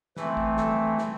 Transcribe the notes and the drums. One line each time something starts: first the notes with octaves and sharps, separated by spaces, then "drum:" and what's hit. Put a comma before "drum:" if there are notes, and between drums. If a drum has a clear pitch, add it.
E3 A3 C4 B4, drum: snare
drum: kick
A4, drum: snare
drum: snare